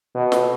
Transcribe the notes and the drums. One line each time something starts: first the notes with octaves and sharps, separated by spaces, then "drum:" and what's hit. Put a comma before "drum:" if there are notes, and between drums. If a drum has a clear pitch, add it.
B2
drum: snare